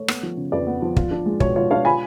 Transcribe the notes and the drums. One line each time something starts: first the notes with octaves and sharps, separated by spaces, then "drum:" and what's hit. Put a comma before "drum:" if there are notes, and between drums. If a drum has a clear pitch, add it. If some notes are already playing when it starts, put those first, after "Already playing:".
Already playing: A3 C#5
B3, drum: rim click
F3
C#3
F2 B4 D5
B3
F3
F4, drum: kick
D4
G#3
B2 C#5, drum: kick
F4 C#5
D4 C#5 F5
F4 G#5 B5